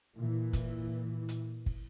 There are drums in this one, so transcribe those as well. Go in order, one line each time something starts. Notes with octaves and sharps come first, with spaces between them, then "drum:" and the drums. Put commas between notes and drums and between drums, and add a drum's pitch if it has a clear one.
A#2 E3
drum: kick, hi-hat
drum: hi-hat
drum: kick